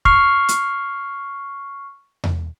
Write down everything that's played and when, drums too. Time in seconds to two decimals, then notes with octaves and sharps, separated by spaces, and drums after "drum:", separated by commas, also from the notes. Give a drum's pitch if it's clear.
0.05 C#6 F6 C7, drum: kick
0.49 drum: hi-hat
2.24 drum: tom E2